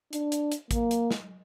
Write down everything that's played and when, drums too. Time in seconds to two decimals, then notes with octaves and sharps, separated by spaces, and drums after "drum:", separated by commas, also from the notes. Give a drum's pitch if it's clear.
0.13 D4, drum: hi-hat
0.32 drum: hi-hat
0.52 drum: hi-hat
0.71 A#3, drum: kick A1, hi-hat
0.91 drum: hi-hat
1.11 drum: snare